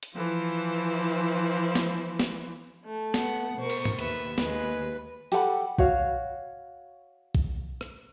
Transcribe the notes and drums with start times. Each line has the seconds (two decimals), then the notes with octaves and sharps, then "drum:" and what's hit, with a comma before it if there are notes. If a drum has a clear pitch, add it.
0.03 drum: hi-hat
0.14 E3 F3
1.75 drum: snare
2.20 drum: snare
2.85 A3
3.14 B3 F#5, drum: snare
3.58 B2 A#4 C5 C#6
3.70 drum: cymbal
3.85 drum: tom G#2
3.99 D#2 B4 E5, drum: hi-hat
4.38 D#2 G#3 B4, drum: snare
5.32 G4 A4 F#5 B5, drum: open hi-hat
5.78 F#4 C#5 F5, drum: kick A#1
7.35 drum: kick A#1
7.81 drum: rim click